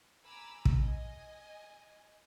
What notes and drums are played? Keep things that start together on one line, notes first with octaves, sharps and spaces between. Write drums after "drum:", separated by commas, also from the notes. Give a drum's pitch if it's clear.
G#5 A#5 B5 D6 E6
drum: kick
D#5 G#5